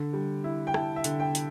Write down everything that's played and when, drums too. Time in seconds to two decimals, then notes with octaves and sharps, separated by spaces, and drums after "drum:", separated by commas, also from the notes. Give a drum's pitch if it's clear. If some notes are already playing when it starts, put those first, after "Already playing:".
Already playing: D3
0.13 G3
0.44 E4
0.67 G5
0.74 E4 A5, drum: rim click
0.96 E5
1.04 D3, drum: hi-hat
1.20 G5
1.35 drum: hi-hat